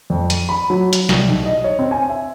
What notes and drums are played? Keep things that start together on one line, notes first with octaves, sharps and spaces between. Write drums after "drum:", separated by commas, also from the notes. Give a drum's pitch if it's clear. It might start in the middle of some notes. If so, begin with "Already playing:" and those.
F2
D#7, drum: hi-hat
B5
F#3
drum: hi-hat
C2, drum: snare
B1
D#5
C#5
C4
G#5
E5